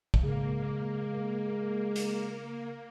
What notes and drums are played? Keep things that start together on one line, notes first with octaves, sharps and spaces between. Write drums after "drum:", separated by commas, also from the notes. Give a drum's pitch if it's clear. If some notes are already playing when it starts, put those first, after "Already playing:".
drum: kick
C#3 G#3 A#3
drum: hi-hat